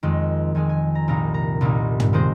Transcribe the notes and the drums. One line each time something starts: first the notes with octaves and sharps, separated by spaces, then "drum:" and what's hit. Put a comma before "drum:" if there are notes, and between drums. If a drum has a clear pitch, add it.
F2 D#3 G#3
F2 D#3 G#3 G#5
G#5
A#5
C2 A#2 A#3 D#4 A#5
A#5
C2 A#2 A#3 D#4
drum: tom
D#3 G#3 C4 C5